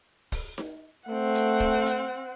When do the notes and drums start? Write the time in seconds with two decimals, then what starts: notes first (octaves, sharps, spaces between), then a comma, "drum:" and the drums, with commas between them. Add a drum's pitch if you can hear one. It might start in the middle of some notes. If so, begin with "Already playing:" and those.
0.32 drum: kick, open hi-hat
0.58 drum: snare D#4
1.09 A3 C4 F#5
1.35 drum: hi-hat
1.60 drum: kick
1.86 drum: hi-hat